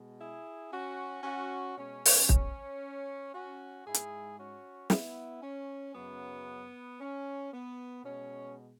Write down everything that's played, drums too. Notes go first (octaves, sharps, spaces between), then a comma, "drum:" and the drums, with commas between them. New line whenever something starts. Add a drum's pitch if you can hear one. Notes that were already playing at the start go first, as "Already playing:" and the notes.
Already playing: B2 G#3
E4 G#4
C#4 F#4
C#4 F#4
B2 G#3 C#4
drum: open hi-hat
drum: kick
C#4 F#4
G#2 G#3 E4 G#4
drum: hi-hat
C#4 F#4
B3 E4, drum: snare
C#4
F#2 C#3 F#3 B3
C#4
B3
B2 G#3 C#4